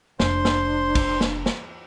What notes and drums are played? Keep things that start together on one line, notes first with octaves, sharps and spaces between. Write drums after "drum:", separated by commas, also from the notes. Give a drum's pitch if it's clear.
F1 D4 C5 C6, drum: snare
drum: snare
drum: kick, cymbal
drum: snare
drum: snare